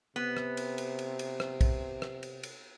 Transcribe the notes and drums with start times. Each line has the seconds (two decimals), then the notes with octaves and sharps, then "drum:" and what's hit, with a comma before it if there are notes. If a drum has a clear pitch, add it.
0.16 C3 B3
0.37 drum: rim click
0.57 drum: cymbal
0.78 drum: cymbal
0.99 drum: cymbal
1.19 drum: cymbal
1.40 drum: rim click
1.61 drum: kick, cymbal
2.02 drum: rim click
2.23 drum: cymbal
2.43 drum: cymbal